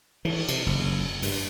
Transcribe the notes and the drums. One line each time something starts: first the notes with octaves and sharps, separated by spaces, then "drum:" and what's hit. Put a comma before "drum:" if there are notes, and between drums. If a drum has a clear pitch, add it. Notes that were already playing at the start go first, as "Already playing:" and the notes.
E3, drum: cymbal
C3, drum: cymbal
F#1
G2, drum: open hi-hat